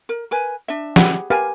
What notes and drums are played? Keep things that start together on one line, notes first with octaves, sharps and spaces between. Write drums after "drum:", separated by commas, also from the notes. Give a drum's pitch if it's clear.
A#4
A#4 B4 G#5
D4 E5
G4 G#4 F#5 B5, drum: snare
G4 A#4 B4 F5 G#5